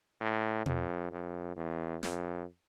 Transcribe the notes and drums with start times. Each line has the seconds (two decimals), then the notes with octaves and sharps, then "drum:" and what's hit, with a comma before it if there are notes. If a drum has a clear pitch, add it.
0.21 A2
0.66 F2, drum: tom
1.12 F2
1.57 E2
2.03 F2, drum: snare